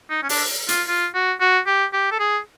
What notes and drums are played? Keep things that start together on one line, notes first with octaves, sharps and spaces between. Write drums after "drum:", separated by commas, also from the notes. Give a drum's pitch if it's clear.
D#4
C#4
D4, drum: open hi-hat
F4, drum: hi-hat
F4
F#4
F#4
G4
G4
A4
G#4